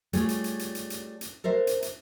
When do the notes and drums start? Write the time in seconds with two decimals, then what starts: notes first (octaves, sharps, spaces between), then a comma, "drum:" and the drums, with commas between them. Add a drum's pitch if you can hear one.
0.13 G3 A3 F4 G#4 C#5, drum: hi-hat
0.29 drum: hi-hat
0.44 drum: hi-hat
0.59 drum: hi-hat
0.75 drum: hi-hat
0.90 drum: hi-hat
1.21 drum: hi-hat
1.44 A4 A#4 C5 E5
1.67 drum: hi-hat
1.82 drum: hi-hat